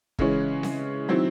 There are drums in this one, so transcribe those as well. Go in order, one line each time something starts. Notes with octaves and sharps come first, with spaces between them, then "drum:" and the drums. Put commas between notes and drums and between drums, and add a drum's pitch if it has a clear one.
C#3 E3 G#3 C#4, drum: kick
drum: snare C4
D#3 F#3 C4 E4